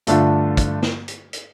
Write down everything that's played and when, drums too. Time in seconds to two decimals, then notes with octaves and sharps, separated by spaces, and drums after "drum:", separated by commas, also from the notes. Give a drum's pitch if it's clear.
0.07 G2 D3 A3 D4 F4, drum: hi-hat
0.57 drum: kick, hi-hat
0.83 drum: snare
1.08 drum: hi-hat
1.33 drum: hi-hat